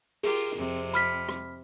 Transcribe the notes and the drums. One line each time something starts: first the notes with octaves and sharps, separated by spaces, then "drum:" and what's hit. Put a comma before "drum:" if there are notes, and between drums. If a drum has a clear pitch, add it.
F4 G4 G#4 A#4, drum: open hi-hat
F2 C3
B5 F6 B6, drum: hi-hat
drum: rim click